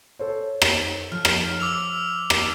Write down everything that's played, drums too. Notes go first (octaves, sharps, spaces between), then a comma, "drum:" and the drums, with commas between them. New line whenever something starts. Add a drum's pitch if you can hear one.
A4 C5 C#5
drum: rim click
F3 F6
drum: rim click
D6 E6 F7
drum: rim click